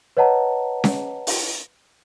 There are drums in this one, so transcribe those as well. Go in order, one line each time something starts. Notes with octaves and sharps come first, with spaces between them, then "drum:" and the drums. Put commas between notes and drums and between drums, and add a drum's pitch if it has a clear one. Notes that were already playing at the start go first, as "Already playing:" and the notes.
B4 C#5 D#5 F#5 A5 A#5
drum: snare C#4
drum: open hi-hat